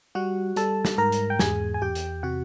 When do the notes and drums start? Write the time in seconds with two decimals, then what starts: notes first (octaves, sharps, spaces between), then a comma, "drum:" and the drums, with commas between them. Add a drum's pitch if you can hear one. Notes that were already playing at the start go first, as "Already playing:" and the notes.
0.15 G3 F#4 F#5
0.56 G3 A4 A5, drum: hi-hat
0.85 drum: snare
0.98 G#2 A#4 A#5
1.12 drum: hi-hat
1.30 G5
1.39 E2 G#4 G#5, drum: snare
1.74 G#5
1.82 E2 G4 G5
1.95 drum: hi-hat
2.23 C3 F#4 F#5